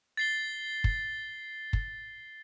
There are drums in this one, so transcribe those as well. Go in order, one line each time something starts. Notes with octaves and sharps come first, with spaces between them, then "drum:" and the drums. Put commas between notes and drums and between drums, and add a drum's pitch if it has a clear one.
A6 C7 G7
drum: kick
drum: kick